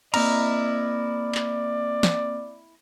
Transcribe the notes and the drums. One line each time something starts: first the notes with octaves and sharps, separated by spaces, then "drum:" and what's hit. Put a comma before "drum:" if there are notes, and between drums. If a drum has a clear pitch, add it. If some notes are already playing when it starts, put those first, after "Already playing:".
A#3 C4 E4 D5 D#5 A#5 F6, drum: cymbal
drum: clap
drum: snare